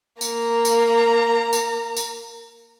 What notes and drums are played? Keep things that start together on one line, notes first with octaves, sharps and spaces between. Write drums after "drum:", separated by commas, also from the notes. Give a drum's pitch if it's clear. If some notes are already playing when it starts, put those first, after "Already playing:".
A#3 A#5, drum: tambourine
drum: tambourine
drum: tambourine
drum: tambourine